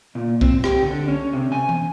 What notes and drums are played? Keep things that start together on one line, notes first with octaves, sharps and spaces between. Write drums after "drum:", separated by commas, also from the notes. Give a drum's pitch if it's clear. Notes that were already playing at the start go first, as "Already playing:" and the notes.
A#2
C4, drum: kick B1
G4, drum: rim click
D3
C#4
C3
G#5
drum: tom E3